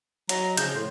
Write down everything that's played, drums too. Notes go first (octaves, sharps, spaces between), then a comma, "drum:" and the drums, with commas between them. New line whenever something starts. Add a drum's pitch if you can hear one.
F#3 D#5 A#5, drum: hi-hat
C#3 F3 G6, drum: hi-hat
A2 C6